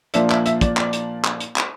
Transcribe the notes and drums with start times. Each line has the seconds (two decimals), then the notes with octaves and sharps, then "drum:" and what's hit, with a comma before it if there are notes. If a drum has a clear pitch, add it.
0.14 A#2 F3 A#3 D4 E5, drum: hi-hat
0.30 E5, drum: clap
0.46 E5, drum: hi-hat
0.61 D5, drum: kick, hi-hat
0.77 D5, drum: clap
0.93 drum: hi-hat
1.25 drum: clap
1.40 drum: hi-hat
1.56 drum: clap